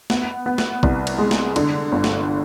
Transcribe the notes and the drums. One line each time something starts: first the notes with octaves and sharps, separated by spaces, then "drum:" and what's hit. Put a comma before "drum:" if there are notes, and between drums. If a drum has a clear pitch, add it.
B3, drum: snare
B3
drum: snare
C2, drum: kick A1
drum: cymbal
G#3
drum: snare
D3, drum: cymbal
G1
drum: snare